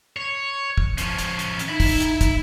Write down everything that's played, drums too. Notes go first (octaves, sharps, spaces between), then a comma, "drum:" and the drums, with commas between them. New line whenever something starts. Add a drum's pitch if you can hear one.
C#5
drum: kick
F3 C#4, drum: hi-hat
drum: hi-hat
drum: hi-hat
drum: hi-hat
D#4 E5 B5
drum: kick, open hi-hat
drum: hi-hat
drum: kick, hi-hat